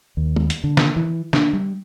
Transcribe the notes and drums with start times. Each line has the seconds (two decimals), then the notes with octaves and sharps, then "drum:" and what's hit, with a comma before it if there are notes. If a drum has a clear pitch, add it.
0.17 D#2
0.36 drum: tom
0.50 drum: hi-hat
0.64 D3
0.77 drum: snare
0.96 E3
1.33 D4, drum: snare
1.53 G3